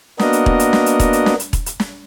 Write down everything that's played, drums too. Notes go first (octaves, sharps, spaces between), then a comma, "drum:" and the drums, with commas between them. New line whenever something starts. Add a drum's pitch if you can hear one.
A#3 B3 D4 F#4 A#4 D#5, drum: snare
drum: hi-hat
drum: kick E1
drum: hi-hat
drum: snare
drum: hi-hat
drum: kick E1, hi-hat
drum: hi-hat
drum: snare
drum: hi-hat
drum: kick E1, hi-hat
drum: hi-hat
drum: snare